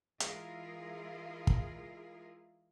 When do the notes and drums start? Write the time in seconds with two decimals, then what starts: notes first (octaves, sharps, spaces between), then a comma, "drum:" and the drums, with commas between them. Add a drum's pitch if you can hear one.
0.20 E3 G#3 E4 F4 G#4 A#4, drum: hi-hat
1.47 drum: kick